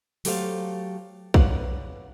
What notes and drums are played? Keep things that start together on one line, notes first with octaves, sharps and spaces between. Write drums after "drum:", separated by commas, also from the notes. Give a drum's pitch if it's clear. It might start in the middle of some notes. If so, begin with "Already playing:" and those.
F#3 A3 G4 A4 C5 F5, drum: open hi-hat
B4 C#5 D5 F5 F#5, drum: kick